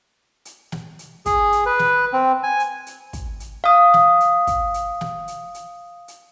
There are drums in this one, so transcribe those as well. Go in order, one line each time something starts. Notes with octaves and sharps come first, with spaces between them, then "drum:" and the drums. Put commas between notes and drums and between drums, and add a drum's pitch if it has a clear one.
drum: hi-hat
drum: snare
drum: hi-hat
G#4, drum: kick, hi-hat
drum: hi-hat
B4
drum: snare
C4
G#5
drum: hi-hat
drum: hi-hat
drum: kick, hi-hat
drum: hi-hat
F5 D#6
drum: snare
drum: hi-hat
drum: kick, hi-hat
drum: hi-hat
drum: snare
drum: hi-hat
drum: hi-hat
drum: hi-hat